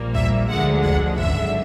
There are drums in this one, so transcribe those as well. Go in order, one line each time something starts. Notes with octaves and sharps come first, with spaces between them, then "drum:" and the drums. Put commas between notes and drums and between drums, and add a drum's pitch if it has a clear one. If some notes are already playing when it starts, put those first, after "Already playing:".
Already playing: A#1 A#2 G3 A#3
E5, drum: kick
D2 D3 F3 G#3 F#5
F#5, drum: kick
G#1 F#2 D3 E5, drum: kick